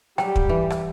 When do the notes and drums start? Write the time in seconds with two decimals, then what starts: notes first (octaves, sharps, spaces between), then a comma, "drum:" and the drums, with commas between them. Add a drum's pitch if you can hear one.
0.18 F#3 G3 G4 G5, drum: rim click
0.36 drum: kick
0.49 E3
0.70 drum: rim click